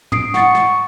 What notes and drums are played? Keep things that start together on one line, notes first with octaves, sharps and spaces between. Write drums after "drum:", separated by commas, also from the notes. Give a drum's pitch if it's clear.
D#6 C7 D7, drum: tom
F#5 C#6 A6, drum: snare
drum: snare